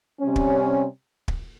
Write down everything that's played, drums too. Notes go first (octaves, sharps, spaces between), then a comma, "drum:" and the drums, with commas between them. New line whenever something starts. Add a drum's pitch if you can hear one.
C3 G3 C#4
drum: kick
drum: kick